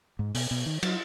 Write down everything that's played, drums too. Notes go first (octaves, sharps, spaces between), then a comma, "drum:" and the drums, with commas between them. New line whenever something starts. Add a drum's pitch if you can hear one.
G#2
B2, drum: open hi-hat
B2
D#3
F#3, drum: cymbal